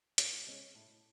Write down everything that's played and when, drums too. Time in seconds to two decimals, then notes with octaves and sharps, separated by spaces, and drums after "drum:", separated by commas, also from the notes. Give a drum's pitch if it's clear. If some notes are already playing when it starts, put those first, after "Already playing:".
0.18 A2, drum: hi-hat
0.47 G#3 C#4
0.75 A2